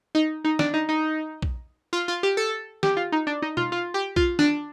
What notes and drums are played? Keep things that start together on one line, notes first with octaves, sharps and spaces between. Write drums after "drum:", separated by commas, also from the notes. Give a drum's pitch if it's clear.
D#4
D#4
D4, drum: snare
D#4
D#4
drum: kick A#1
F4
F4
G4
A4
G4, drum: snare
F4
D#4
D4
D#4
F4, drum: tom B2
F4
G4
F4, drum: kick A#1
D4, drum: snare